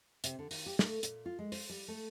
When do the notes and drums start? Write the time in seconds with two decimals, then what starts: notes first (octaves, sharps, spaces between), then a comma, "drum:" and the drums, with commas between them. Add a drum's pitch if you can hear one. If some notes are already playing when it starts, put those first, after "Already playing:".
0.24 C3, drum: hi-hat
0.39 D3
0.51 D#3, drum: open hi-hat
0.66 G4
0.79 A3, drum: snare
1.03 A#2, drum: hi-hat
1.26 F4
1.39 G#3
1.52 C5, drum: open hi-hat
1.69 G3
1.88 A3